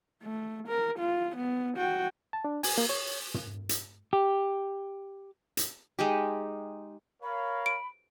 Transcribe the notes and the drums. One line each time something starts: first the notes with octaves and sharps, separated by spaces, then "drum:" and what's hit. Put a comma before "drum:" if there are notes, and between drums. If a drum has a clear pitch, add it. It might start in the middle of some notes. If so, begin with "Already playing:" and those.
A3
A#4
F4
B3
F#4 G5
A5
D4
G#5, drum: open hi-hat
A#3
C#5
drum: tom
drum: hi-hat
G4
drum: hi-hat
G#3 D#4 G4
A#4 C#5 F5 B5
D7